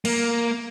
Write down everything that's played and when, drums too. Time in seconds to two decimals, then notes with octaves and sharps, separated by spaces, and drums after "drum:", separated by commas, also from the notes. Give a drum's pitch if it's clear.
0.05 A#3, drum: cymbal